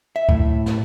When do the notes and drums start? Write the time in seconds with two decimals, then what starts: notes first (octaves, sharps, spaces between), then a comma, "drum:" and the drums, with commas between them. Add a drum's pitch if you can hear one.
0.16 E5
0.29 A2, drum: kick C#2
0.66 drum: snare